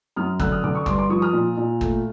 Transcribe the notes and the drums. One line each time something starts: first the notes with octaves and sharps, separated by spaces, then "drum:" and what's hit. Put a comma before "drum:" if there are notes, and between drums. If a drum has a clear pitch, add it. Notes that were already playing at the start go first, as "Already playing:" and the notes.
F#2 D#6 F6
D3 E6 F#6, drum: kick
D#6 F6
D3 D6 E6
C#6 D#6
G2 C6 D6, drum: kick
C6 D6
F3 C#6 D#6
D#6 F6
A#2
A#2
A3, drum: kick